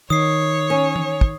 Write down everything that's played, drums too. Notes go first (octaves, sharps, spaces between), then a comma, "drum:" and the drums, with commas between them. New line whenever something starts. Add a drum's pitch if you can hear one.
D#3 C#5 D#6 C7
C#4
drum: tom
drum: kick